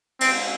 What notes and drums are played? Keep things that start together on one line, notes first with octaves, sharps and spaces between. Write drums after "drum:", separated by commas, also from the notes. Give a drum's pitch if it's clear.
C4, drum: cymbal